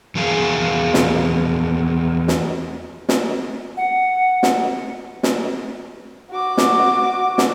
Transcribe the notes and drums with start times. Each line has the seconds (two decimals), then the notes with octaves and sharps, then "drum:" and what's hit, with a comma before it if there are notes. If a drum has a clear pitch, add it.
0.15 E2 F3 F#4 G#4 F5 G#5
0.94 drum: snare
2.28 drum: snare
3.09 drum: snare
3.77 F#5
4.43 drum: snare
5.23 drum: snare
6.31 F#4 D6
6.57 drum: snare
7.38 drum: snare